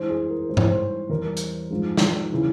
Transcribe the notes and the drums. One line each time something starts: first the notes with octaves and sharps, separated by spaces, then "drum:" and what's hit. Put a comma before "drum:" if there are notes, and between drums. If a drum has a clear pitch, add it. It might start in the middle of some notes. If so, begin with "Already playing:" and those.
Already playing: G2 E3 G#3 C5
G#4
A#4
G#2 E3 G3 C5
C#5, drum: tom G#2
C5
E2 E3 G3 A#4
drum: hi-hat
G#2 F3 G#3
drum: snare
C#3 E3 G3